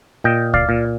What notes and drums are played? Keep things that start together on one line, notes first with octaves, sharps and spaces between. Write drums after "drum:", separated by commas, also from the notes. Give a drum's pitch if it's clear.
A#2 D#5 G5
D5 F5, drum: kick C#2
A#2